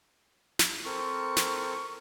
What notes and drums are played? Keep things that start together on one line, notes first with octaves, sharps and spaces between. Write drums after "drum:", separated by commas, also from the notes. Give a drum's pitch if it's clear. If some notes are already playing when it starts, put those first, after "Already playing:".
drum: snare
C4 A4 A#4 C#6
drum: snare